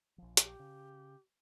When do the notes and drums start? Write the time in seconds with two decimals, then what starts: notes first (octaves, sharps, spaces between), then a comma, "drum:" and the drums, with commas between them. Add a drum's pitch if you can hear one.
0.18 A#1 F3
0.37 G4, drum: hi-hat
0.59 C#3